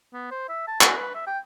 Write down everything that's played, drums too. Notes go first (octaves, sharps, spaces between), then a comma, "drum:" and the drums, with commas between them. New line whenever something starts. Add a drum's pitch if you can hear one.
B3
C5
E5
A5
F#4, drum: clap
B4
E5
G5